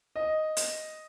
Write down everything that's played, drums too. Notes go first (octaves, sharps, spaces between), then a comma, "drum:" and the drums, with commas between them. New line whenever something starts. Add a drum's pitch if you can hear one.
D#5
drum: hi-hat